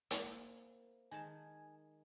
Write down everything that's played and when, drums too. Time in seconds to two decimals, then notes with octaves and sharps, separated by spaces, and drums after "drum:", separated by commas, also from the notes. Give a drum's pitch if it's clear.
0.11 A#3 C4 E4, drum: hi-hat
1.11 D#3 G#3 G#5 A5